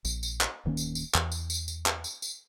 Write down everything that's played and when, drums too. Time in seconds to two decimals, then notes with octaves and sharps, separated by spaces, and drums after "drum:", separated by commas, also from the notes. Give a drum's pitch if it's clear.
0.05 A#1, drum: tambourine
0.23 drum: tambourine
0.41 drum: clap
0.65 D1 D#3 A#3 C#4
0.77 drum: tambourine
0.95 drum: tambourine
1.15 E2, drum: clap
1.32 drum: tambourine
1.50 drum: tambourine
1.68 drum: tambourine
1.86 drum: clap
2.04 drum: tambourine
2.22 drum: tambourine